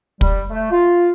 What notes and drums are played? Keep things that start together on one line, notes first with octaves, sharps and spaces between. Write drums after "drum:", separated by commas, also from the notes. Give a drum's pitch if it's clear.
G3, drum: kick
A3
F4